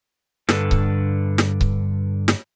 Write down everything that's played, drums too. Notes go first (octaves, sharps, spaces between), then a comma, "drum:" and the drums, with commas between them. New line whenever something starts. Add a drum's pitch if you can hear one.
G2 D3 A4 B4, drum: snare
drum: kick C#1
drum: snare
drum: kick C#1
drum: snare